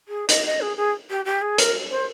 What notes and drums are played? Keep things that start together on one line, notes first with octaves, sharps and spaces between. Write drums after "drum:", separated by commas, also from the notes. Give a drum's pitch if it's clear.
G#4
D#5, drum: hi-hat
D#5
G#4
G#4
G4
G4
G#4
A#4, drum: hi-hat
C5